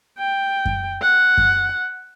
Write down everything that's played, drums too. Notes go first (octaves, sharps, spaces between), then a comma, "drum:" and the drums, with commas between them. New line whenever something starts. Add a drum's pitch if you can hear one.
G5
drum: kick F#2
F#5
drum: kick F#2